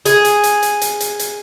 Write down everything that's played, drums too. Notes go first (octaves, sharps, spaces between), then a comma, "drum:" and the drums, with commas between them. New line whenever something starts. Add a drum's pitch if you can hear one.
G#4, drum: hi-hat
drum: hi-hat
drum: hi-hat
drum: hi-hat
drum: hi-hat
drum: hi-hat
drum: hi-hat